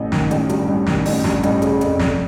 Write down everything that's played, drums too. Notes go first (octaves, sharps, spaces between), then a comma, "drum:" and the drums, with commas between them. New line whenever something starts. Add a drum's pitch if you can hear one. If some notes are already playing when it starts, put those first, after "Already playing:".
Already playing: A1
D#3, drum: snare
A1, drum: hi-hat
G2, drum: hi-hat
A1
D#3, drum: snare
A1, drum: open hi-hat
G2, drum: snare
A1, drum: hi-hat
C#3, drum: hi-hat
F1, drum: hi-hat
F2, drum: snare